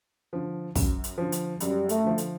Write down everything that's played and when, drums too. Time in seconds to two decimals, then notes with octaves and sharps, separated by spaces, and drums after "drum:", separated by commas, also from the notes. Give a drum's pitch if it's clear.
0.33 D3 F3
0.76 F#2, drum: kick, open hi-hat
1.04 drum: hi-hat
1.18 D3 F3
1.32 drum: hi-hat
1.60 F#2 G3, drum: hi-hat
1.89 A3, drum: hi-hat
2.04 D3 F3
2.18 drum: hi-hat